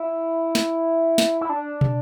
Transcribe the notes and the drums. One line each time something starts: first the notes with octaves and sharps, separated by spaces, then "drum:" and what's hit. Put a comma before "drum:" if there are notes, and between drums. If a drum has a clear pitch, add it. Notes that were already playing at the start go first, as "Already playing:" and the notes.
Already playing: E4
drum: snare
drum: snare
E4
D4
drum: tom